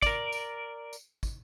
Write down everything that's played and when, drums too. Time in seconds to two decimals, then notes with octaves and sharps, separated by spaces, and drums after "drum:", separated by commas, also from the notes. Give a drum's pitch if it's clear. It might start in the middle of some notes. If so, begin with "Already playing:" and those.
0.02 A#4 D5, drum: kick, tambourine
0.33 drum: tambourine
0.93 drum: tambourine
1.23 drum: kick, tambourine